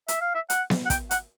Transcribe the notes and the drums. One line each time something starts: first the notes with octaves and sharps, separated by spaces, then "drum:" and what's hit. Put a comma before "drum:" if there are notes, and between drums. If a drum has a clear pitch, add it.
E5, drum: hi-hat
F5
E5
F#5, drum: hi-hat
drum: snare B3
F#5
G5, drum: kick, hi-hat
F#5, drum: hi-hat